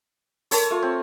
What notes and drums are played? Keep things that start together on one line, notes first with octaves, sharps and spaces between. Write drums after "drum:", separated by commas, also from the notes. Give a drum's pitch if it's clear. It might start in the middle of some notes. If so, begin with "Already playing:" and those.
A4 A#4 C#5 A5 C6 C#6, drum: open hi-hat
A3 F4
C4